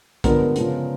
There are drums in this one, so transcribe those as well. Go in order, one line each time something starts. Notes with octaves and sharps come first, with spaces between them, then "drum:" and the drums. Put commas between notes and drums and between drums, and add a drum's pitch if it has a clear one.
G2 D3 F3 G#3 B3 A#4, drum: kick, hi-hat
C#3 F3 G#3 B3, drum: hi-hat